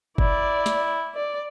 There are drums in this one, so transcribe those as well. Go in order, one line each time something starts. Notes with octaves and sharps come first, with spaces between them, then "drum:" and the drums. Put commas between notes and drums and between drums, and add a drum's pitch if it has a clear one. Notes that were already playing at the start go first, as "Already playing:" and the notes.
E4 D5, drum: kick G1
drum: snare
D5